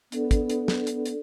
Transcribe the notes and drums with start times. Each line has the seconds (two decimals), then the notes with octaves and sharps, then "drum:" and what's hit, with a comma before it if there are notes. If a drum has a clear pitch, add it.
0.12 B3 D4 A4 D5, drum: hi-hat
0.31 drum: kick, hi-hat
0.50 drum: hi-hat
0.68 drum: snare
0.87 drum: hi-hat
1.06 drum: hi-hat